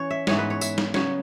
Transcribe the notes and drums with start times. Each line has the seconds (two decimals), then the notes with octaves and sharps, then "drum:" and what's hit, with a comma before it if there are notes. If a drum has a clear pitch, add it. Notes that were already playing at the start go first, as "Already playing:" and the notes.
Already playing: E3 C#4 C#5
0.10 E5
0.27 G#2 E3 B3 C#5, drum: snare
0.38 B4
0.50 C#5
0.61 E5, drum: tambourine
0.78 drum: snare
0.94 C#3 F#3 B3 C#5, drum: snare